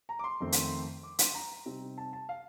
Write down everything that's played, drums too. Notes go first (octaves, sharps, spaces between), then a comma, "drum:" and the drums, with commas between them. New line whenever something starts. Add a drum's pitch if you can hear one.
A#5
D6
C6
F2 D#3 A3 C4
drum: hi-hat
D6
C6, drum: hi-hat
A#5
C3 G3 C4 D#4
A5
A5
F5